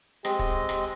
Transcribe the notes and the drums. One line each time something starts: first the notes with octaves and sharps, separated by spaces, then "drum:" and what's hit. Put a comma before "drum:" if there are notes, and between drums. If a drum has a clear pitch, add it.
G#3 C4 G4 D#5, drum: rim click
drum: kick
drum: rim click